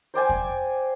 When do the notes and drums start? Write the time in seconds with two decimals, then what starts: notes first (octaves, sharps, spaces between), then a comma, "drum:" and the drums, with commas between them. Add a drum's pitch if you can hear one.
0.14 C5 D5 G5 G#5
0.29 drum: kick E2